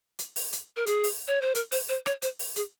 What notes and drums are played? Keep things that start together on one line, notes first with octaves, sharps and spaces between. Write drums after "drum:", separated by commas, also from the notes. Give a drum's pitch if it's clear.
drum: hi-hat
drum: open hi-hat
drum: hi-hat
A#4
G#4, drum: hi-hat
drum: open hi-hat
C#5
C5
A#4, drum: hi-hat
C5, drum: open hi-hat
C5
C#5, drum: rim click
C5, drum: hi-hat
drum: open hi-hat
G#4, drum: hi-hat